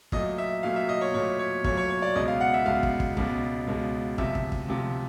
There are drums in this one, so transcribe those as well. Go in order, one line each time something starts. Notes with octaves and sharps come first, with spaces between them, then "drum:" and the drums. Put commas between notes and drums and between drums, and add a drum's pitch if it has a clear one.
A#2 F#3 A3 D#5, drum: kick
E5
A#2 F#3 A3 F5
E5
D#5
C#5
A#2 F#3 A3 C#5
C#5
A#2 F#3 A3 C#5, drum: kick
C#5
C#5
D5
C#2 B2 G#3 D#5
F5
F#5
E5
C#2 B2 G#3 F5
drum: kick
drum: kick
C#2 B2 G#3, drum: kick
C#2 B2 G#3
D2 C3 F3 E5, drum: kick
drum: kick
drum: kick
D2 C3 F3